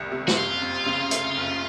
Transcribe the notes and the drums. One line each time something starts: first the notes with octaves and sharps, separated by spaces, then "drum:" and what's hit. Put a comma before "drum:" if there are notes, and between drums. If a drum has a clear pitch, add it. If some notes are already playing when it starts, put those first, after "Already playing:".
Already playing: C2 C3 D#3 A3
C3
F#4, drum: snare
F#1 F4
F2
C#3
A3, drum: hi-hat
F#1